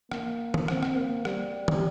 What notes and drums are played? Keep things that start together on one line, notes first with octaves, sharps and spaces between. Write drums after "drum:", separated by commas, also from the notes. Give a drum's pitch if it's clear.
A#3, drum: rim click
drum: tom
C4, drum: rim click
drum: rim click
A#3
G3, drum: rim click
drum: tom